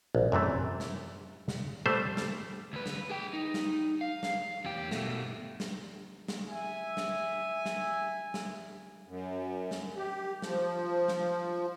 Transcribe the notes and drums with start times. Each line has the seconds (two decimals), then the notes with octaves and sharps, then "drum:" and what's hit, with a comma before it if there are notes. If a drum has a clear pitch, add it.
0.15 A#1
0.32 F#2 C3 E3 A3
0.80 drum: snare
1.49 drum: snare
1.86 G3 A3 C5
2.17 drum: snare
2.73 D2 B4
2.86 drum: snare
3.10 G#4 G5
3.33 D#4
3.54 drum: snare
4.01 F5
4.23 drum: snare
4.65 E2 G4
4.91 B2 A3, drum: snare
5.60 drum: snare
6.28 drum: snare
6.49 E5 G#5
6.97 drum: snare
7.66 drum: snare
8.34 drum: snare
9.07 F#2
9.71 drum: snare
9.97 G4
10.42 F3, drum: snare
11.08 drum: snare